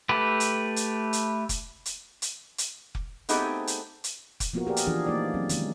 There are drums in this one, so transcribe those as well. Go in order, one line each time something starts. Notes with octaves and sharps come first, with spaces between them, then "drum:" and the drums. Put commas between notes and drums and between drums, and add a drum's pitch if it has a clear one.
A3 G4 B4
drum: hi-hat
drum: hi-hat
drum: hi-hat
drum: kick F1, hi-hat
drum: hi-hat
drum: hi-hat
drum: hi-hat
drum: kick F1
A3 B3 C4 D#4 G4 G#4, drum: hi-hat
drum: hi-hat
drum: hi-hat
drum: kick F1, hi-hat
F3 A#3 B3 F4 F#4 A#4
G4 G#4 A#4 D5
drum: hi-hat
E3 F3 D4 F4 G#4
A3 A#3 D#4 A#4 D5
F#3 C4 C#4
D#3 G#3 A3, drum: hi-hat